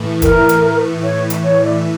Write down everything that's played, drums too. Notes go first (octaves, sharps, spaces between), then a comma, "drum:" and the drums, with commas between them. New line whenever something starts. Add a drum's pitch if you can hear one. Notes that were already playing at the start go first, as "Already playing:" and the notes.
Already playing: A2 E3 A3
A#4, drum: kick, hi-hat
drum: hi-hat
C#5
drum: hi-hat
C#5
D5